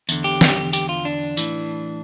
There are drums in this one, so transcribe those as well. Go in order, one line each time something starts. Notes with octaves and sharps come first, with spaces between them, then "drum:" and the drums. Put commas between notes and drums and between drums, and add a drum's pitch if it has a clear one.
E2 D3, drum: tambourine
G4
drum: snare
G4, drum: tambourine
F4
D4
A2 E3, drum: tambourine